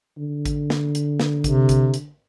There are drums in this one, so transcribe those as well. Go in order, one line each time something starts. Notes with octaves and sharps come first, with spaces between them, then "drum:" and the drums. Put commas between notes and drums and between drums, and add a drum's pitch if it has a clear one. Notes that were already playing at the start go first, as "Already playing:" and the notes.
D3
drum: kick A1, hi-hat
drum: snare
drum: hi-hat
drum: snare
C3, drum: kick A1, hi-hat
drum: kick A1, hi-hat
drum: hi-hat